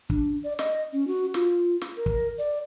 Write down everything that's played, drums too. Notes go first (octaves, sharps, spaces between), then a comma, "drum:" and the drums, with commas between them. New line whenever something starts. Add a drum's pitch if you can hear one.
D4, drum: kick
D5
D#5, drum: snare
C#4
F#4
F4, drum: snare
drum: snare
A#4
drum: kick
D5